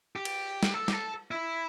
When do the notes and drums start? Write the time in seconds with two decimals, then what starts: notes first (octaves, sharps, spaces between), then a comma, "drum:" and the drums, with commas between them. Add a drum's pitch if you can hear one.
0.16 G4
0.25 drum: cymbal
0.63 drum: snare
0.74 A4
0.88 G4, drum: snare
0.93 A4
1.31 E4